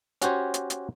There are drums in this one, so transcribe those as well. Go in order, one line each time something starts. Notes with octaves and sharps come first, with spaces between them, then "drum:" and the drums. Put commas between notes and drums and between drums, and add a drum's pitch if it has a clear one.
C#4 F#4 G4 C5 C#5, drum: hi-hat
drum: hi-hat
drum: hi-hat